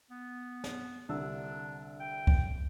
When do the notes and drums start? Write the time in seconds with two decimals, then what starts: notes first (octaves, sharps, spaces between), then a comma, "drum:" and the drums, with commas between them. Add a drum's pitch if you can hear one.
0.11 B3
0.64 drum: snare
1.09 C2 D3 D4 E6
2.00 G5
2.27 drum: kick C2